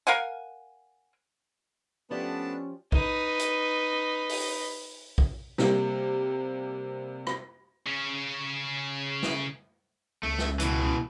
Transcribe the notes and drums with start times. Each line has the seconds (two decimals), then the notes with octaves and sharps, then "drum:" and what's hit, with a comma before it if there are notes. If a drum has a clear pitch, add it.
0.07 A#4 F5 F#5 G#5
2.11 F3 A3 B3 C#4 D4 G4 D5 A5
2.92 D#4 B4, drum: kick A#1
3.39 drum: hi-hat
4.29 drum: open hi-hat
5.18 drum: kick A#1
5.58 C3 G3 A#3, drum: snare
7.27 drum: rim click
7.86 C#3 C#4
9.23 drum: snare
10.23 C#2 A3
10.38 drum: snare
10.60 B2 E3, drum: hi-hat